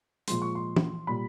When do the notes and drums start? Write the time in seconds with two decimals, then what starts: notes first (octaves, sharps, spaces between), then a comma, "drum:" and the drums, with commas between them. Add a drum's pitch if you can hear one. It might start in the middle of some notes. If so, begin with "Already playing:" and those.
0.28 A#2 F3 G#3 C6, drum: hi-hat
0.42 C#6
0.55 C6
0.76 drum: tom
1.07 A#2 G3 B5